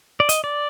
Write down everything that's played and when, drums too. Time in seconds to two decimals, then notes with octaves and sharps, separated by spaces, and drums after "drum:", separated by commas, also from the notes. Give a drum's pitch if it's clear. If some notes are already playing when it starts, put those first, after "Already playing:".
0.20 D5
0.29 D#5, drum: hi-hat
0.44 D5